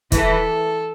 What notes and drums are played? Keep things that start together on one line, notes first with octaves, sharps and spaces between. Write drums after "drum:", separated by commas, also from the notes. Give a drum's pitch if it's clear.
E3 A4, drum: kick, hi-hat